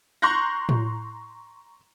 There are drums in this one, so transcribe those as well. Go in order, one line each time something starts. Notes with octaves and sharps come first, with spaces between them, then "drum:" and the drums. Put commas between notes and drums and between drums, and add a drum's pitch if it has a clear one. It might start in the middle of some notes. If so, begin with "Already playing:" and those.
A#5 C6 C#6 F#6 G6 A#6
drum: tom A2